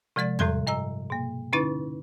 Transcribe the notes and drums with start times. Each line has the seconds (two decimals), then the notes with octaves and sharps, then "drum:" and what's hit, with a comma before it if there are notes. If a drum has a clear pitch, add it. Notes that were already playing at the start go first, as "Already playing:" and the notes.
0.16 C3 F3 G#3 D5 A6
0.39 A2 C3 G3 A4 C6 G#6, drum: tom E2
0.67 G2 D#5 A#5 E6
1.10 B2 A#3
1.53 D3 C#4 D#4 E4 B4 A6